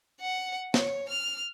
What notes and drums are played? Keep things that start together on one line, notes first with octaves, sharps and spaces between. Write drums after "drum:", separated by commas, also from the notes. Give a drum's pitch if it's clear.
F#5
C#5, drum: snare
F6